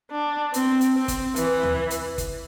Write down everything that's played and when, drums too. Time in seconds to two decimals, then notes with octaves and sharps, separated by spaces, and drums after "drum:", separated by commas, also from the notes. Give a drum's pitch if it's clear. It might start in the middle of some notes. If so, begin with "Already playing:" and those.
0.12 D4
0.54 C4, drum: hi-hat
0.81 drum: hi-hat
0.94 C4
1.08 drum: kick G1, hi-hat
1.36 E3, drum: hi-hat
1.63 drum: tom D2
1.90 drum: hi-hat
2.18 drum: kick G1, hi-hat